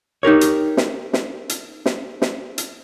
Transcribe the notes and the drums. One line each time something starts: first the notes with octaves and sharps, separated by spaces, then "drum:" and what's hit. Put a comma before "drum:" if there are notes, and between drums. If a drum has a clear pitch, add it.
D#4 G4 A#4 C#5
drum: hi-hat
drum: snare
drum: snare
drum: hi-hat
drum: snare
drum: snare
drum: hi-hat